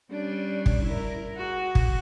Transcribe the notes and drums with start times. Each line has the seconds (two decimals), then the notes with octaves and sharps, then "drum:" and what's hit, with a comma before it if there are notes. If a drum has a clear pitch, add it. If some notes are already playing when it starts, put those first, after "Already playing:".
0.11 G3 C#4 D4
0.66 drum: kick
0.84 E4 A#4
1.37 F#4 G#4
1.75 drum: kick